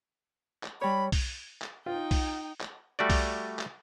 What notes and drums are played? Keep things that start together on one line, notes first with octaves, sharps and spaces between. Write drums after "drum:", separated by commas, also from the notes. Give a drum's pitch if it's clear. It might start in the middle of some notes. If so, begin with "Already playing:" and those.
drum: clap
G3 C#5 B5
drum: kick B1, open hi-hat
drum: clap
D#4 F4 G5
drum: kick B1, open hi-hat
drum: clap
G3 A3 F#4 D5
drum: kick B1, open hi-hat
drum: clap